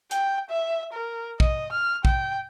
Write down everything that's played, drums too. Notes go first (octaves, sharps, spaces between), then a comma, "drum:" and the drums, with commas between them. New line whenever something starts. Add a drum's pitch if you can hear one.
G5, drum: hi-hat
E5
A#4
D#5, drum: kick
F6
G5, drum: kick